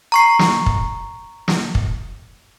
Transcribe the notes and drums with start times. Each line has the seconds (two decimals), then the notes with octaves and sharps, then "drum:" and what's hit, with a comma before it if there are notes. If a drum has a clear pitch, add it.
0.12 A#5 C#6 C7
0.39 drum: snare
0.66 drum: kick
1.48 drum: snare
1.75 drum: kick